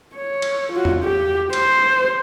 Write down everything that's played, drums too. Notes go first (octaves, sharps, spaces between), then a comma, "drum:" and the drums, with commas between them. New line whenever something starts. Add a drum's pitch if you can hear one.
C#5
drum: cymbal
F4 F#4
drum: tom E2
G4
C5, drum: cymbal